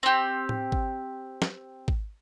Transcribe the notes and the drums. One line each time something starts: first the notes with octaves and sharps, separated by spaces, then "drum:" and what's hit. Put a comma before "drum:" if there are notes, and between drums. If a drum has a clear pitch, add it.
C4 G4
drum: tom A2
drum: kick G#1
drum: snare
drum: kick G#1